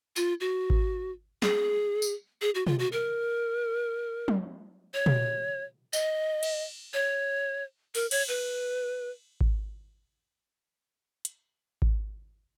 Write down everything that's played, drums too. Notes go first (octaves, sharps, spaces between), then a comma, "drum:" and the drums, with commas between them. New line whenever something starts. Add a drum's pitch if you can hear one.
F4, drum: tambourine
F#4
drum: kick G#1
G#4, drum: snare
drum: tambourine
G#4
F#4
F4, drum: tom
F#4
A#4
drum: tom
C#5
drum: tom
D#5, drum: tambourine
drum: cymbal
C#5
A#4, drum: open hi-hat
C#5, drum: cymbal
B4
drum: kick G#1
drum: hi-hat
drum: kick G#1